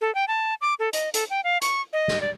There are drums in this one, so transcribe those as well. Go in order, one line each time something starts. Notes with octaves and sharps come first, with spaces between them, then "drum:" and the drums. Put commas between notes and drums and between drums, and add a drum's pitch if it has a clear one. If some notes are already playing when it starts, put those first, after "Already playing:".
A4
G5
A5
D6
A4
D#5, drum: hi-hat
A4, drum: hi-hat
G5
F5
C#6, drum: hi-hat
D#5
drum: snare
D5